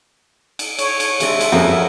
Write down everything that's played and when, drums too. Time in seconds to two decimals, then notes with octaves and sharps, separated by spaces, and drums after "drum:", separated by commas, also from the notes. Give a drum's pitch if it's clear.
0.59 drum: cymbal
0.79 C#5, drum: cymbal
1.00 drum: cymbal
1.20 C3 G#3 D4 E5, drum: cymbal
1.41 drum: cymbal
1.52 F2 A#3 C#4 F#4 G#4 A4 C#5